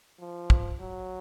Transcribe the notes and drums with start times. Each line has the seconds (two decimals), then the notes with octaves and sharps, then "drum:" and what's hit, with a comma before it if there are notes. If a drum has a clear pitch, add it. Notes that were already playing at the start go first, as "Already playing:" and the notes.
0.20 F3
0.50 drum: kick
0.80 F#3